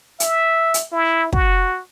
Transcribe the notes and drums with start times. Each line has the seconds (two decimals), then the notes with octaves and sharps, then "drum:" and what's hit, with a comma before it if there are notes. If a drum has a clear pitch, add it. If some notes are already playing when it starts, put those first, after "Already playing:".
0.20 E5, drum: hi-hat
0.74 drum: hi-hat
0.92 E4
1.32 F#4, drum: kick